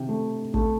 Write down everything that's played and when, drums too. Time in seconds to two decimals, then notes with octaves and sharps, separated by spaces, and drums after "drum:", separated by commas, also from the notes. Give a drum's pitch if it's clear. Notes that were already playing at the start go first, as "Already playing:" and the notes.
Already playing: C3 D#3
0.09 A3
0.54 A3, drum: kick